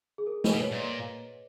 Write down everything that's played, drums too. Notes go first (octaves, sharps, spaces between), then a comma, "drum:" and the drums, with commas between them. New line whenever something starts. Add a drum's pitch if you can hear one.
G#4
A#4
D#5, drum: snare
B2 B4
C#5
A#2 D#5